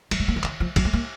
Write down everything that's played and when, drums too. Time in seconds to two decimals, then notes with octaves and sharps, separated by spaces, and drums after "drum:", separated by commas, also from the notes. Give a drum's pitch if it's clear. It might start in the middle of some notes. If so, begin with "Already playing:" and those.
0.11 F#3, drum: cymbal
0.20 A3
0.28 A#3
0.36 F3
0.44 D#3, drum: clap
0.60 F3
0.76 F#3, drum: kick, cymbal
0.85 A3
0.93 A#3